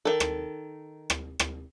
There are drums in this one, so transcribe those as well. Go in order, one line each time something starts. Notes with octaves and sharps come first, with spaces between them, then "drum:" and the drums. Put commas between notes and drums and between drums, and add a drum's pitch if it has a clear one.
D#3 A4
drum: rim click
drum: rim click
drum: rim click